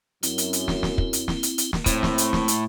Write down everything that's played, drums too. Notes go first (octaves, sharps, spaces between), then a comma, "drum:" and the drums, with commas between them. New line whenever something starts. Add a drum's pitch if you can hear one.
F#2 C4 E4, drum: hi-hat
drum: hi-hat
drum: hi-hat
drum: snare
drum: snare
drum: kick
drum: hi-hat
drum: snare
drum: hi-hat
drum: hi-hat
drum: snare
A2 A3 C4, drum: kick, hi-hat
drum: snare
drum: hi-hat
drum: snare
drum: hi-hat